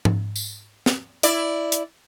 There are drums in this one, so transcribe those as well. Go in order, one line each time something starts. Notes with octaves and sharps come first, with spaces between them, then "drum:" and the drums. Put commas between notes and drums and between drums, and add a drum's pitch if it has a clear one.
drum: tom G#2
drum: tambourine
drum: snare
E4 D5, drum: hi-hat
drum: hi-hat